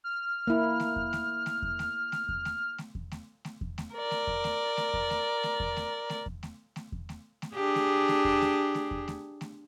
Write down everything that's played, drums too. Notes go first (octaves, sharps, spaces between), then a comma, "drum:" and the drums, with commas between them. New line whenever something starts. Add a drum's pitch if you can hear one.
F6
A#3 E4
drum: snare A3
drum: kick E2
drum: snare A3
drum: snare A3
drum: kick E2
drum: snare A3
drum: snare A3
drum: kick E2
drum: snare A3
drum: snare A3
drum: kick E2
drum: snare A3
drum: snare A3
drum: kick E2
drum: snare A3
A#4 D5
drum: snare A3
drum: kick E2
drum: snare A3
drum: snare A3
drum: kick E2
drum: snare A3
drum: snare A3
drum: kick E2
drum: snare A3
drum: snare A3
drum: kick E2
drum: snare A3
drum: snare A3
drum: kick E2
drum: snare A3
drum: snare A3
D4 G4 G#4
drum: snare A3
drum: snare A3
drum: kick E2
drum: snare A3
drum: snare A3
drum: kick E2
drum: snare A3
drum: snare A3